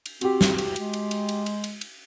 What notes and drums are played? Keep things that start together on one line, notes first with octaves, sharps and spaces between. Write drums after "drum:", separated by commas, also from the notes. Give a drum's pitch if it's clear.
drum: cymbal
C4 F#4 G4, drum: cymbal
drum: snare
drum: cymbal
G#3, drum: cymbal
drum: cymbal
drum: cymbal
drum: cymbal
drum: cymbal
drum: cymbal
drum: cymbal